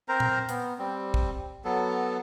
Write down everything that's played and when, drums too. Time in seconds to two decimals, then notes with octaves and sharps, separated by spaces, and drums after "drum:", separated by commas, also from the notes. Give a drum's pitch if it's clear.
0.08 C4 A#4 C5 A#5
0.20 drum: tom A#2
0.49 B3, drum: hi-hat
0.79 G3 C4
1.14 drum: kick
1.64 F#3 B3 A4